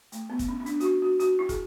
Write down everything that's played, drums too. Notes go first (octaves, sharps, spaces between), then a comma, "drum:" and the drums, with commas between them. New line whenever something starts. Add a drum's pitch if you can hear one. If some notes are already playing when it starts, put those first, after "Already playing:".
A3, drum: hi-hat
B3
drum: kick, hi-hat
C#4
C#4
D4, drum: hi-hat
F#4, drum: hi-hat
E4
F#4
F#4, drum: hi-hat
E4
G#4, drum: kick, hi-hat